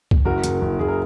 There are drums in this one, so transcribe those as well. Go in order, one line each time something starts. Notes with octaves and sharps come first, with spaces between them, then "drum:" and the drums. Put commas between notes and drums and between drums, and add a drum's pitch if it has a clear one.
drum: kick
F#1 F#4 A#4
F#1, drum: hi-hat
F#1
F#1 G#4
A#4